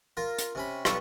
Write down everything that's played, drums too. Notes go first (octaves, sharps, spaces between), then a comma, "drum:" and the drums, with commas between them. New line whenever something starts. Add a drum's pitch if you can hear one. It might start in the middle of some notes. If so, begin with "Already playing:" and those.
F4 A#4
drum: hi-hat
C3 C#4 B5
B1 G2 F4 A4 B4 C#6, drum: rim click